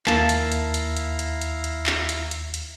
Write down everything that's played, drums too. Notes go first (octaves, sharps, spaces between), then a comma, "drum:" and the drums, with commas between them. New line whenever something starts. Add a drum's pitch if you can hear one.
D#2 A#3 E4 F5 A5 A#5, drum: clap
drum: hi-hat
drum: hi-hat
drum: hi-hat
drum: hi-hat
drum: hi-hat
drum: hi-hat
drum: hi-hat
drum: clap
drum: hi-hat
drum: hi-hat
drum: hi-hat